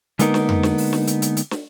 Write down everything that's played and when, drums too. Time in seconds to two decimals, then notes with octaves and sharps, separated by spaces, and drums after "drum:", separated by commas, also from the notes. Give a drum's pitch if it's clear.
0.19 D3 G#3 A#3 B3 D#4 A#4, drum: hi-hat
0.34 drum: snare
0.49 drum: tom F2
0.63 drum: snare
0.78 drum: open hi-hat
0.93 drum: snare
1.07 drum: hi-hat
1.22 drum: hi-hat
1.37 drum: hi-hat
1.51 drum: snare